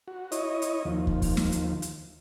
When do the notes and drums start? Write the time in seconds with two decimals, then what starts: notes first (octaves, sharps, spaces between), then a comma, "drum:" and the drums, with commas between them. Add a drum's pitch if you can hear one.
0.08 F#4
0.32 E4 C#5 D#5, drum: hi-hat
0.62 drum: hi-hat
0.85 D#2 F3
1.07 drum: kick
1.22 drum: kick, open hi-hat
1.37 drum: snare
1.52 drum: hi-hat
1.82 drum: hi-hat